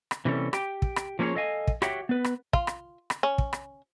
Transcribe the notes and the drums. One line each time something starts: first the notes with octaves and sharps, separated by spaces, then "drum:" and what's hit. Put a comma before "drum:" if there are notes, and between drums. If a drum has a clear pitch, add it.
drum: rim click
C3 E3 G3 A#3 C#4 A4
G4 G5, drum: rim click
drum: kick
drum: rim click
F3 A#3 C#4 D4 G#4 C#5
A4 D#5 F5 G#5
drum: kick
F#4 G4 C#5 E5 F#5 G5, drum: rim click
B3 B4
drum: rim click
F4, drum: kick
drum: rim click
drum: rim click
C#4
drum: kick
drum: rim click